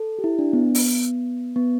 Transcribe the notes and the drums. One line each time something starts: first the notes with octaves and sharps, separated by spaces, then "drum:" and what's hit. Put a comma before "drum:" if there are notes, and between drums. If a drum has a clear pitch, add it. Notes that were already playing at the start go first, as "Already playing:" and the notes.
Already playing: A4
G4
E4
D4
B3
drum: open hi-hat
B3